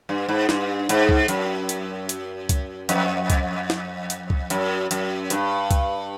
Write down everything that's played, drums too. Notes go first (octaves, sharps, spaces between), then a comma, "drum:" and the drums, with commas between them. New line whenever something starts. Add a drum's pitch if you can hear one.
G2
G#2
G2, drum: snare
G#2, drum: hi-hat
drum: kick C2
F#2, drum: hi-hat
drum: hi-hat
drum: hi-hat
drum: kick C2, hi-hat
F2, drum: hi-hat
drum: kick C2, hi-hat
drum: snare
drum: hi-hat
drum: kick C2
F#2, drum: hi-hat
F#2, drum: hi-hat
G2, drum: hi-hat
drum: kick C2, hi-hat